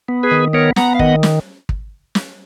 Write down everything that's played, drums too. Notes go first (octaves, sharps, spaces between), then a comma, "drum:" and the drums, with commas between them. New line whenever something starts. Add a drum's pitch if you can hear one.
B3
G#4 B4
D#3
B3 A#4 C#5
B3 F#5 A#5, drum: snare
F5
D#3 D#5 F#5, drum: kick
drum: snare
drum: kick
drum: snare